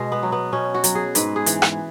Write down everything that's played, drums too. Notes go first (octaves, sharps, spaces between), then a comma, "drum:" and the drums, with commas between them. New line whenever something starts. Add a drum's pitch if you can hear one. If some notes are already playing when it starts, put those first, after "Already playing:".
Already playing: B2 G#3
B3
F#3
B3
B2 C#4
F#4
F#3, drum: hi-hat
G#4
G#2 B4, drum: hi-hat
G#4
E3, drum: hi-hat
drum: rim click